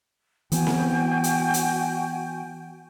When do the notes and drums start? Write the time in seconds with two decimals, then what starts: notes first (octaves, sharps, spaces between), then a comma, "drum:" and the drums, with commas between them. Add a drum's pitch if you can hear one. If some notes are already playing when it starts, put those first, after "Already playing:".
0.52 E3 B3 F#4 G5 G#5, drum: hi-hat
0.67 drum: snare C4
1.24 drum: hi-hat
1.54 drum: hi-hat